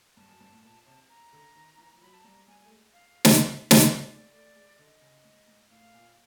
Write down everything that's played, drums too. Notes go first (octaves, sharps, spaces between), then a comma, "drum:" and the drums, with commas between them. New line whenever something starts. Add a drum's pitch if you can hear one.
G2 A5
F#2
G2
A2
A#2
C3
A#5
D3
D#3
E3
F3
F#3 B5
A5
G3 A#5
G3 G#5
A3
G#3
F5
drum: snare
E5
drum: snare
A3 D5
G#3 D5
A3 D5
G#3
D3 D#5
C#3
G#2
G#2
A2 F5
A#2